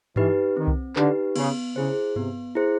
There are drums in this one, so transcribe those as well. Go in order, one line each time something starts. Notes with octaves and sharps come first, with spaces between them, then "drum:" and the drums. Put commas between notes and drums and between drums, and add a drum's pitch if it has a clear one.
E3 D#4 G4 B4, drum: tom G2
D#3 C4
drum: kick C2
D3 D#4 G4 B4, drum: clap
C#3 B3, drum: cymbal
C#3 E4 G#4 C5
C3 B3, drum: tom G2
E4 G#4 C5